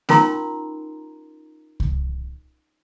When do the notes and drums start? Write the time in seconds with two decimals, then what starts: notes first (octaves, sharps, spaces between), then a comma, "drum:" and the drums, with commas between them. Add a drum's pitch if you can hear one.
0.09 C#4 D#4 F4 A#4 A#5 C6, drum: snare A3
1.80 drum: kick C2